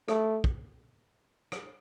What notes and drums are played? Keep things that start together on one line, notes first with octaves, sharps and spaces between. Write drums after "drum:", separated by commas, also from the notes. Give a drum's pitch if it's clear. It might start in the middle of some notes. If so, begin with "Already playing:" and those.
A3, drum: rim click
drum: kick
drum: rim click